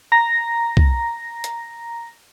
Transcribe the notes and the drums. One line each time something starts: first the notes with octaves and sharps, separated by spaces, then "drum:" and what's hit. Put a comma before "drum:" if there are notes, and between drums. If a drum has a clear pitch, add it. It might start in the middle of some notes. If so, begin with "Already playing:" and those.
A#5 A#6
drum: kick
drum: hi-hat